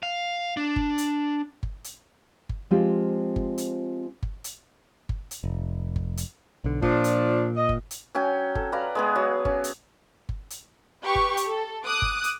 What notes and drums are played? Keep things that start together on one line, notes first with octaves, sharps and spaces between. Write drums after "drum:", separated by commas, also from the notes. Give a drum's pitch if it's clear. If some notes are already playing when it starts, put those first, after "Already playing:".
F5
D4
drum: kick G1
drum: hi-hat
drum: kick G1
drum: hi-hat
drum: kick G1
F3 G#3 C4 F4 G4
drum: kick G1
drum: hi-hat
drum: kick G1
drum: hi-hat
drum: kick G1
drum: hi-hat
F1
drum: kick G1
drum: hi-hat
B1 D3
A#2 F3 D4, drum: kick G1
drum: hi-hat
D#5
drum: kick G1
drum: hi-hat
F#3 C#4 G5 G#5
A4, drum: kick G1
B4 D5 F5 A#5
G#3 B3 G#4
F#3
C#4, drum: kick G1
drum: hi-hat
drum: kick G1
drum: hi-hat
G4 B4 C#6
drum: kick G1
drum: hi-hat
A4
D6 D#6 F#6
drum: kick G1
drum: hi-hat